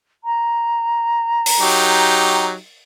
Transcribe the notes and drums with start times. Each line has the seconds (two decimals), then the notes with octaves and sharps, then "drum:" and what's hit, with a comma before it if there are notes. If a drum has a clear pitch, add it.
0.24 A#5
1.46 drum: open hi-hat
1.60 F#3 D#4 G4